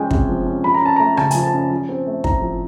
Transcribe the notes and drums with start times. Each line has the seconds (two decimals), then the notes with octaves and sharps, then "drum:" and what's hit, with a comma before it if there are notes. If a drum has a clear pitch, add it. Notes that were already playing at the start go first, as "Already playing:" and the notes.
Already playing: F3 G#3 C#4 G5 G#5
0.11 C3, drum: kick
0.29 F3
0.46 C#4
0.64 F3 B5
0.74 A#5
0.81 C#4 A5
0.96 A#5
1.00 A3
1.17 C#3 A5, drum: rim click
1.31 F3 G#5, drum: hi-hat
1.43 A5
1.53 C#4
1.71 F3
1.89 C4
2.07 A3
2.24 A2 A#5, drum: kick
2.41 F3